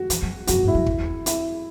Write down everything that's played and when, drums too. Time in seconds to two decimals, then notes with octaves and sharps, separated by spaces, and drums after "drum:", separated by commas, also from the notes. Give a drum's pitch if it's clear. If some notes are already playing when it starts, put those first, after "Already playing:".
Already playing: F#4
0.10 E3, drum: hi-hat
0.22 F#3
0.47 F#2 F#4, drum: hi-hat
0.63 G#2 E4
0.75 F#2
0.86 E2, drum: kick
1.26 E4, drum: hi-hat